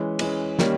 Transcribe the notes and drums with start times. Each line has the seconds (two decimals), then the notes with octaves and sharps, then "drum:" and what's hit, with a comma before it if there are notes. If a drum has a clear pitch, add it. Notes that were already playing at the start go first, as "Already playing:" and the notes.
Already playing: E3 G#3 C#4
0.19 E3 G#3 C#4, drum: cymbal
0.59 D#3 G3 A#3 C#4, drum: snare